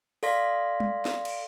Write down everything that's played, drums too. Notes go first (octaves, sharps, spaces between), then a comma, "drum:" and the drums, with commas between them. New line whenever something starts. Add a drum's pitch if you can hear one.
A4 D5 F5 C6 A#6 B6, drum: open hi-hat
drum: tom G3
drum: snare
drum: cymbal